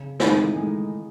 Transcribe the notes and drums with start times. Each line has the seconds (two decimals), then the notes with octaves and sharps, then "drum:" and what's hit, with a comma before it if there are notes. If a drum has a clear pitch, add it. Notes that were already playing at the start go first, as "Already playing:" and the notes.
Already playing: C#3
0.20 A2 D#3 G#3 D#4, drum: snare
0.38 E3
0.55 A2 G#3 D#4